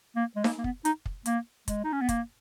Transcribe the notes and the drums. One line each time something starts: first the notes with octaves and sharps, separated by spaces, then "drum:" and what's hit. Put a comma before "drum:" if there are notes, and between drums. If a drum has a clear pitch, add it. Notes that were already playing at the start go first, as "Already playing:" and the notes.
A#3
G#3
A#3, drum: snare D#4
A#3
B3, drum: kick
D#4, drum: hi-hat
drum: kick
A#3, drum: hi-hat
G#3, drum: kick, hi-hat
D#4
C#4
B3
A#3, drum: kick, hi-hat